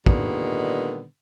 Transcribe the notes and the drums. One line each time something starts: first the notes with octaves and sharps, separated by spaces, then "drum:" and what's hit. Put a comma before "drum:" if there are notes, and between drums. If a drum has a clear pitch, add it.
A#2 D3 D#3 G3 G#3 B3, drum: kick